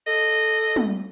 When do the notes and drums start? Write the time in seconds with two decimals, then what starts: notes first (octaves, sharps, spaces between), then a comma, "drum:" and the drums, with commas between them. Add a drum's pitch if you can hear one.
0.07 A4 D#5
0.76 drum: tom